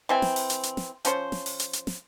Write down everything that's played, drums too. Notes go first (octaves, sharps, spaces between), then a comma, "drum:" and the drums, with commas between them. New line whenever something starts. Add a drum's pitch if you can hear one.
E3 C4 G#5
drum: snare
drum: open hi-hat
drum: hi-hat
drum: hi-hat
drum: snare
F3 C#4 C5, drum: hi-hat
drum: snare
drum: open hi-hat
drum: hi-hat
drum: hi-hat
drum: snare